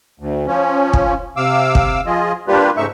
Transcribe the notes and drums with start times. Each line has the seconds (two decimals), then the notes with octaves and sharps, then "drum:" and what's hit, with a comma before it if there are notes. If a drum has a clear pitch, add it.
0.20 D2
0.47 F3 C#4
0.93 drum: kick
1.37 C3 F5 D6 E6
1.75 drum: kick
2.06 F3 F4 G#4 D#5
2.48 G3 A#3 D4 F4 G4 B4
2.77 G#2 C#3 A3 D#4 E5 C#6